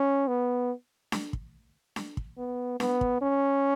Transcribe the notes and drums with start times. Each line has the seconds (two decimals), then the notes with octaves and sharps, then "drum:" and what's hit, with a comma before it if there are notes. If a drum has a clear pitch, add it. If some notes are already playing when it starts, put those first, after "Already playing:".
Already playing: C#4
0.28 B3
1.12 drum: snare D4
1.33 drum: kick
1.96 drum: snare D4
2.17 drum: kick
2.38 B3
2.80 B3, drum: snare D4
3.01 drum: kick
3.22 C#4